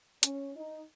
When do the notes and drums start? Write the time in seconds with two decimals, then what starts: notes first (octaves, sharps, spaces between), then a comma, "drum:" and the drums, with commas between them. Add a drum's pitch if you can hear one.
0.23 C#4, drum: hi-hat
0.55 D#4